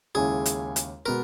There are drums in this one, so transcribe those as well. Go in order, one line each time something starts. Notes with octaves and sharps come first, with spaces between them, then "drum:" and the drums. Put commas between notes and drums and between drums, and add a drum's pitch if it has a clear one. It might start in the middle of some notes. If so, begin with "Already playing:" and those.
D#2 C#3 G#3 C#4 E4 G#4
drum: hi-hat
drum: hi-hat
B2 G#3 B3 F#4 A#4